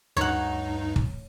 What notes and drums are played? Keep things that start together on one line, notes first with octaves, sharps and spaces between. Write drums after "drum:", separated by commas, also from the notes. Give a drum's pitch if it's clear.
D2 G2 D#4 C#5 F#5
drum: kick